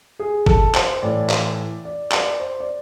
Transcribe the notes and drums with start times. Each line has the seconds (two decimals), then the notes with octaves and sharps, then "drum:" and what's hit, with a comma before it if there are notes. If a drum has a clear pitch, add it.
0.19 G#4
0.46 A4, drum: kick
0.75 C5, drum: clap
1.02 A2 E3 D5
1.30 drum: clap
1.85 D5
2.12 D5, drum: clap
2.40 C5
2.60 D5